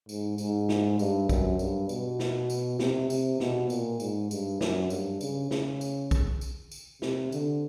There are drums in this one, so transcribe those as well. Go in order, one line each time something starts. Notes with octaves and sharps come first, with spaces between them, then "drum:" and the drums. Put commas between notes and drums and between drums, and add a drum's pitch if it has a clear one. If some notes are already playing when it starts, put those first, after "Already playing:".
G#2, drum: tambourine
G#2, drum: tambourine
drum: snare
G2, drum: tambourine
F#2, drum: kick B1, tambourine
G2, drum: tambourine
B2, drum: tambourine
drum: snare
drum: tambourine
C3, drum: snare
C3, drum: tambourine
B2, drum: snare
A#2, drum: tambourine
G#2, drum: tambourine
G2, drum: tambourine
F#2, drum: snare
G2, drum: tambourine
C#3, drum: tambourine
C#3, drum: snare
drum: tambourine
drum: kick B1, tambourine
drum: tambourine
drum: tambourine
C3, drum: snare
D3, drum: tambourine